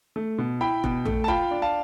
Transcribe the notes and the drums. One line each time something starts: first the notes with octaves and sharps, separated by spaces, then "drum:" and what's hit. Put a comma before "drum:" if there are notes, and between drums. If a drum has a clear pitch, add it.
A3
B2
E4 G5 B5
B2, drum: kick F1
A3, drum: tom A#1
A5
F4 G5 B5, drum: kick F1
D4
F5 A5